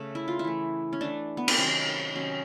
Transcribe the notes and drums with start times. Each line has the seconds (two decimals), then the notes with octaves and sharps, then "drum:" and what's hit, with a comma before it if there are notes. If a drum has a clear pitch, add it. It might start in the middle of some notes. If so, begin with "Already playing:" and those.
Already playing: C#3 A3
0.15 E4
0.28 F4
0.39 E4
0.44 E3 A3
0.93 C#4
1.01 E3 A3 D4
1.37 B3
1.48 C4, drum: cymbal
1.58 C3 D#3 F#3 C#4
2.15 C3 D#3 F#3 C#4